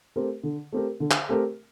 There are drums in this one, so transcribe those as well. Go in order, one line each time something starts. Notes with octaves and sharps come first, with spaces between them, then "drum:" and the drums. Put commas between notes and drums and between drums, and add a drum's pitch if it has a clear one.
A3 C4 G4 A#4
D3
A3 C4 G4 A#4
D3
drum: clap
A3 C4 G4 A#4